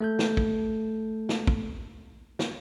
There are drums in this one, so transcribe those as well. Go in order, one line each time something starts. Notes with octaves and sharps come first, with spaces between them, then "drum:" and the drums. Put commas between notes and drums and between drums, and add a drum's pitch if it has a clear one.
A3 A4 G6
drum: snare
drum: kick
drum: snare
drum: kick
drum: snare